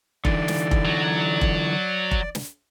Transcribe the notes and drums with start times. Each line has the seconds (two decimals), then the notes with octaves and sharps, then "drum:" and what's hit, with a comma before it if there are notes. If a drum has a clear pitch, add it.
0.25 D3 E3 D5, drum: kick F1
0.48 drum: snare
0.71 drum: kick F1
0.86 F#3
1.41 drum: kick F1
2.11 drum: kick F1
2.35 drum: snare